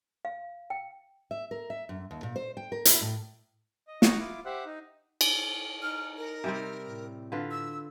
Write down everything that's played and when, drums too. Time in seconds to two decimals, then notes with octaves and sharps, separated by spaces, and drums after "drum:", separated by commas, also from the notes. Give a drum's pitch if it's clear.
0.25 F5
0.70 G5
1.31 E5
1.51 A#4
1.70 E5
1.89 F#2
2.11 D#2
2.23 A#2
2.36 C5
2.57 G5
2.72 A#4
2.85 E4, drum: hi-hat
3.01 A2
3.88 D#5
4.02 D#4 F#5 A#5 C#6 D#6, drum: snare
4.19 E4 F4 D6
4.45 G4 C5 E5 F#5
4.66 D#4
5.21 drum: cymbal
5.82 D#4 F6
6.17 A#4
6.44 C3 G3 C4
6.86 A2
7.32 D3 F4 B4
7.51 E6